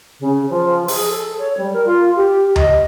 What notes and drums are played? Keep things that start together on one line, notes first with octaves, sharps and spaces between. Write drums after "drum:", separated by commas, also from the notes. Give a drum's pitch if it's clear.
C#3
F3
G#4, drum: open hi-hat
A4
C#5
G3
A#4
F4
G4
D#5, drum: tom D2